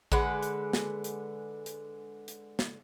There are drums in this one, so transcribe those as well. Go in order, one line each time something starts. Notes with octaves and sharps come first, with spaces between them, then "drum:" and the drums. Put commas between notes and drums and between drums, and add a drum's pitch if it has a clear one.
D3 G#3 B4 F#5, drum: kick A1
drum: hi-hat
drum: snare
drum: hi-hat
drum: hi-hat
drum: hi-hat
drum: snare